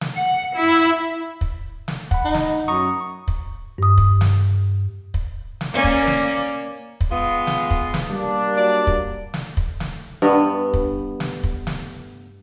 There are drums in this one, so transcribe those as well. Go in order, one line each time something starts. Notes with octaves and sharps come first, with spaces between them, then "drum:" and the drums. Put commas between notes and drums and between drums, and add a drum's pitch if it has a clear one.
drum: snare
F#5
E4
drum: kick
drum: snare
F#5 B5, drum: kick
D#4
drum: snare
F#2 A#5 C#6 D#6
drum: kick
G2 D#6
drum: kick
drum: snare
drum: kick
drum: snare
A#3 C#4 D5
drum: kick
drum: snare
drum: kick
G#3 B3 F4
drum: snare
drum: kick
drum: snare
G3 A#3 D4
F#3 D5
drum: kick
drum: snare
drum: kick
drum: snare
G2 B3
drum: kick
drum: snare
drum: kick
drum: snare